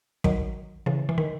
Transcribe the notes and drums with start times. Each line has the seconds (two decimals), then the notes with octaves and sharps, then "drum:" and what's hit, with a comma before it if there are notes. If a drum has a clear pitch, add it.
0.24 D#3 F#3, drum: kick
0.86 C#3 E3
1.09 E3
1.18 D#3